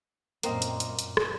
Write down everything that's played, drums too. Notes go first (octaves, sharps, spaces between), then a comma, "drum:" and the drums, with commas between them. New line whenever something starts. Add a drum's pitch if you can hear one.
F#2 A#2 A#3 C4 D#5, drum: hi-hat
drum: hi-hat
drum: hi-hat
drum: hi-hat
drum: rim click